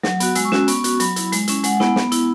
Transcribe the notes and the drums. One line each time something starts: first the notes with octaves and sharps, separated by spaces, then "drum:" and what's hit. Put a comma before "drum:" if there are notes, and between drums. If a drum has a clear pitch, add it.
F#3, drum: snare
B3 F#4, drum: hi-hat
G#3 E6, drum: hi-hat
C#6
C#4 F#4 E6, drum: snare
B3 C#6, drum: hi-hat
F#4, drum: hi-hat
F#3 B5, drum: hi-hat
E4, drum: hi-hat
G#3, drum: hi-hat
C#4 E4, drum: hi-hat
G#3 F#5, drum: hi-hat
B3 E4, drum: snare
B3, drum: snare
E4, drum: hi-hat